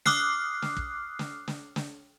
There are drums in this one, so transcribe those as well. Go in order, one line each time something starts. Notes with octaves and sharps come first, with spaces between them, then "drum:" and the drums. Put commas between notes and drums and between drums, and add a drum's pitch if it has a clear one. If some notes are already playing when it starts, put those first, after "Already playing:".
D6 D#6 F6 F#6 C7, drum: snare
drum: snare
drum: kick
drum: snare
drum: snare
drum: snare